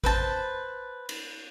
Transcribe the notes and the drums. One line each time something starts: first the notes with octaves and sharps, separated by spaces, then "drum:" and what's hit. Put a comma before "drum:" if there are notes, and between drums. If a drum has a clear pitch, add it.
B4 C5 A5, drum: kick A1
drum: cymbal